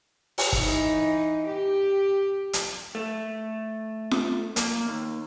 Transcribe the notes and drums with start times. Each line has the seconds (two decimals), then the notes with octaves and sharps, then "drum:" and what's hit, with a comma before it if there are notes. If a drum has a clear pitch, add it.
0.38 drum: open hi-hat
0.53 E3 D#4, drum: kick
1.48 G4
2.53 drum: hi-hat
2.95 A3
4.11 drum: snare
4.56 A#3, drum: hi-hat
4.86 D#2